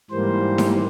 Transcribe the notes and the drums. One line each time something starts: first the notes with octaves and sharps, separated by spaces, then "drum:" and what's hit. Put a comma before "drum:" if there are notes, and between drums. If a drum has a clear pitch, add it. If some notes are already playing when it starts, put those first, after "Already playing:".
G#2 E3 G3 A#3 C5
drum: snare D#4